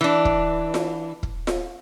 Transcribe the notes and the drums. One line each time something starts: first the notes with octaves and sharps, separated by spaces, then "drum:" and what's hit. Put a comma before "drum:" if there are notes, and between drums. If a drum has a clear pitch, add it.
E3 D4
drum: kick
drum: snare F4
drum: kick
drum: snare F4